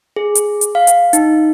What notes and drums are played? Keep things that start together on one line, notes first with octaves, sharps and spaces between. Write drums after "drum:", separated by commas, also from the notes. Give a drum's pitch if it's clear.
G#4
drum: hi-hat
drum: hi-hat
F5
drum: hi-hat
D#4, drum: hi-hat